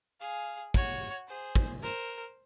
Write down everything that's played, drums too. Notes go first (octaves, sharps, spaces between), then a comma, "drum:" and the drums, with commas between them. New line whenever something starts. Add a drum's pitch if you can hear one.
G#4 F5
F#4 C#5, drum: kick
G#4 C5
drum: kick
A#4 C5